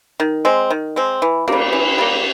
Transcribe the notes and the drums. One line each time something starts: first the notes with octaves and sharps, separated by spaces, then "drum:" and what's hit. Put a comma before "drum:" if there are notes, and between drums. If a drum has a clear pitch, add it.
D#3
G#3 C4
D#3
G#3 C4
E3
G3 A#3, drum: cymbal
E3
G3 A#3